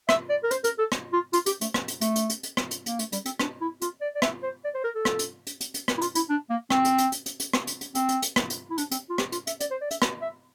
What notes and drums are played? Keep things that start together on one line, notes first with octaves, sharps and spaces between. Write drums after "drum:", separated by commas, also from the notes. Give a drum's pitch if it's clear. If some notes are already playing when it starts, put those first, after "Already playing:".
E5, drum: rim click
D5
A#4
C5, drum: hi-hat
A#4, drum: hi-hat
A4
drum: rim click
F4
F4, drum: hi-hat
G4, drum: hi-hat
A3, drum: hi-hat
drum: rim click
drum: hi-hat
A3, drum: hi-hat
drum: hi-hat
drum: hi-hat
drum: hi-hat
drum: rim click
drum: hi-hat
A#3, drum: hi-hat
A3, drum: hi-hat
G3, drum: hi-hat
C4, drum: hi-hat
D4, drum: rim click
E4
F4, drum: hi-hat
D5
D5
E5, drum: rim click
C5
D5
C5
A#4
A4
drum: rim click
drum: hi-hat
drum: hi-hat
drum: hi-hat
drum: hi-hat
drum: rim click
E4
F4, drum: hi-hat
E4, drum: hi-hat
D4
A#3
C4, drum: rim click
drum: hi-hat
drum: hi-hat
drum: hi-hat
drum: hi-hat
drum: hi-hat
drum: rim click
drum: hi-hat
drum: hi-hat
C4, drum: hi-hat
drum: hi-hat
drum: hi-hat
drum: rim click
drum: hi-hat
E4
D4, drum: hi-hat
C4, drum: hi-hat
F4
G4, drum: rim click
F4, drum: hi-hat
E5, drum: hi-hat
D5, drum: hi-hat
C5
D5
E5, drum: hi-hat
drum: rim click
E5